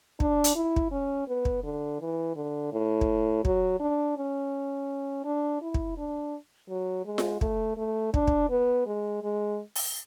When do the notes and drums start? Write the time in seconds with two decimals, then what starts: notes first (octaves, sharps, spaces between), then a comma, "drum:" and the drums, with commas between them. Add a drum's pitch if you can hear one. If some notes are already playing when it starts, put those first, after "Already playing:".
0.20 D4, drum: kick
0.44 drum: hi-hat
0.56 E4
0.76 drum: kick
0.91 C#4
1.28 B3
1.45 drum: kick
1.64 D3
2.01 E3
2.36 D3
2.73 A2
3.01 drum: kick
3.45 F#3, drum: kick
3.80 D4
4.17 C#4
5.25 D4
5.62 E4
5.74 drum: kick
5.98 D4
6.70 F#3
7.05 G#3
7.18 drum: snare F4
7.41 A3, drum: kick
7.77 A3
8.14 D4, drum: kick
8.27 drum: kick
8.50 B3
8.86 G#3
9.23 G#3
9.75 drum: open hi-hat